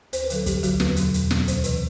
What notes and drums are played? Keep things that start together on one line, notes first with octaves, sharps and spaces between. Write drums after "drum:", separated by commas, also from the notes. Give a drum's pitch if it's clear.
D2 C5, drum: hi-hat
B4
D3 F#3 A4, drum: hi-hat
D2 G4, drum: kick, hi-hat
D3 F#3 F#4, drum: hi-hat
E2 B4, drum: snare
B2 F#3, drum: hi-hat
E2, drum: hi-hat
B2 F#3, drum: snare
D2 C5, drum: hi-hat
C3 E3 B4, drum: hi-hat